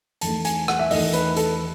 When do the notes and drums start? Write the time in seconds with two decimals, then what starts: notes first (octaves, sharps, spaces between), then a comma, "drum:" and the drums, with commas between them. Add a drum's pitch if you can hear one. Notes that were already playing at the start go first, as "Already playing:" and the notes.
0.21 E2 D#3 A3 A5, drum: hi-hat
0.45 G#5, drum: hi-hat
0.68 F#5, drum: rim click
0.79 E5
0.91 E2 D#3 A3 D#5, drum: open hi-hat
1.14 B4, drum: hi-hat
1.37 A4, drum: hi-hat